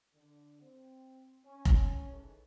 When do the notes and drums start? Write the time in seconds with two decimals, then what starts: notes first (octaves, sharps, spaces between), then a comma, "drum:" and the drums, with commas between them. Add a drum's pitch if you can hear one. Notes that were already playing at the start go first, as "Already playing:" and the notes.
0.14 D3
0.61 C4
1.45 C#4
1.65 drum: kick F1
2.11 D#3 E3 G#3 A4